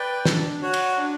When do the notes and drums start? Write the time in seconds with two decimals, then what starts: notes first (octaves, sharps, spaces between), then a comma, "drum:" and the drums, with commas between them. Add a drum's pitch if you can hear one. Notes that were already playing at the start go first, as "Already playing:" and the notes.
Already playing: B4 D5 G5
0.25 D4, drum: snare
0.61 F#4 C#5 F#5
0.74 drum: cymbal
0.98 D4